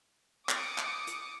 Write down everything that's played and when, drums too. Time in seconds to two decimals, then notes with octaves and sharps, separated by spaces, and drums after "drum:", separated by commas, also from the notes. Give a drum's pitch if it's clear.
0.49 D6 D#6 C#7, drum: clap
0.78 drum: clap
1.07 drum: hi-hat